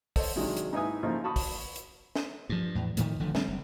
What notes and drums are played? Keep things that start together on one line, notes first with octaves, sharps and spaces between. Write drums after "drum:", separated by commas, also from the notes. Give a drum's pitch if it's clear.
A4 C5 C#5 D#5, drum: kick, open hi-hat
C3 D#3 F#3 G#3 D4
drum: hi-hat
G#2 D#4 E4 B4 G#5 D#6
C#3 F3 A3 A#3 D#4
F#4 A5 B5 C#6 D#6
drum: kick, open hi-hat
drum: hi-hat
drum: snare
G2 F3
E2 A2
A2 D#3 F3 A3, drum: hi-hat
G1 D3 F3 A3
G3 A3 C4, drum: snare
F#1